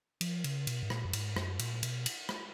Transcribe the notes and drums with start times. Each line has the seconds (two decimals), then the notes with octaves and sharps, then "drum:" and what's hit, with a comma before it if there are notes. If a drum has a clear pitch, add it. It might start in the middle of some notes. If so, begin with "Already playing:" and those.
0.21 F3, drum: cymbal
0.44 C#3, drum: cymbal
0.67 B2, drum: cymbal
0.83 G#2
0.90 A#2, drum: rim click
1.05 F#2
1.13 G#2, drum: cymbal
1.36 F#2, drum: rim click
1.59 A#2, drum: cymbal
1.83 B2, drum: cymbal
2.06 drum: cymbal
2.29 drum: rim click